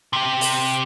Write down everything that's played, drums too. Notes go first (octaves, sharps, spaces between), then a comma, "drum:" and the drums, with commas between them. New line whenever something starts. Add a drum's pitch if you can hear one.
C3 G4
drum: open hi-hat